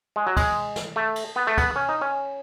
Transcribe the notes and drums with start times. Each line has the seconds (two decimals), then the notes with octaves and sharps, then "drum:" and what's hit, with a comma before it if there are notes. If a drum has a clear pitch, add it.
0.16 G#3
0.27 F#3
0.37 G#3, drum: kick, cymbal
0.76 drum: snare
0.96 A3
1.16 drum: cymbal
1.36 B3
1.47 A3
1.58 B3, drum: kick, cymbal
1.76 C#4
1.89 D#4
2.01 C#4